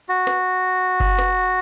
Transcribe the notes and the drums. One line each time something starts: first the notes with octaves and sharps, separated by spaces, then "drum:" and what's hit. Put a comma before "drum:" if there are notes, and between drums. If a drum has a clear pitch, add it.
F#4
drum: rim click
drum: kick F#1
drum: rim click